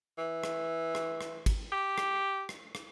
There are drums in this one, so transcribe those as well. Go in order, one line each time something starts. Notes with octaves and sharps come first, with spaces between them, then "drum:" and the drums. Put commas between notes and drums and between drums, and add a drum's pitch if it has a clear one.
E3
drum: rim click
drum: rim click
drum: rim click
drum: kick, cymbal
G4
drum: rim click
drum: rim click
drum: rim click